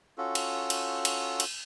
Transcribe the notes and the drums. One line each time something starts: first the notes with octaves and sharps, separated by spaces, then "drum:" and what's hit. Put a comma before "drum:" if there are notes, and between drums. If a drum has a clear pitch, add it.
C#4 F4 F#4 A4
drum: cymbal
drum: cymbal
drum: cymbal
drum: cymbal